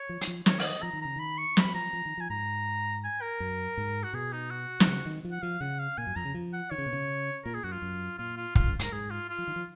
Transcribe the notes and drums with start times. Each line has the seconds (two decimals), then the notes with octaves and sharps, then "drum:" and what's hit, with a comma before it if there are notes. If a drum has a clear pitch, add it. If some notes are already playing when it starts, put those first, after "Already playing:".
Already playing: C#5
0.09 F3
0.21 F#3, drum: hi-hat
0.28 F3
0.46 D#3 C#5, drum: snare
0.59 F5, drum: open hi-hat
0.64 D#5
0.82 F3 A#5
0.93 D#3
1.02 C#3 A#5
1.16 D#3 B5
1.38 C#6
1.57 F3 B5, drum: snare
1.65 F#3
1.74 F3 A#5
1.93 F3
2.06 D#3
2.18 F3 G#5
2.30 G#2 A#5
3.04 G#5
3.21 A#4
3.40 F#2
3.77 G#2
4.03 F#4
4.13 B2 G#4
4.33 D#4
4.51 F#4
4.80 D#3, drum: snare
4.87 C#3
5.06 D#3
5.25 F3
5.32 F#5
5.42 F3 F5
5.61 C#3 F#5
5.79 F5
5.98 A#2 G#5
6.07 F#2
6.16 F2 A#5
6.25 C#3
6.34 F3
6.53 F#5
6.71 D#3 C#5
6.78 C#3
6.86 B2
6.93 C#3
7.45 A#2 A#4
7.54 G#4
7.63 F#2 F#4
7.72 F4
7.82 F#2
8.18 A#2 F4
8.37 F4
8.55 G#2 F4, drum: kick
8.67 F#2
8.79 G#2 A#4, drum: hi-hat
8.92 G#2 G#4
9.10 F4
9.30 F4
9.38 F3
9.48 D#3
9.56 F3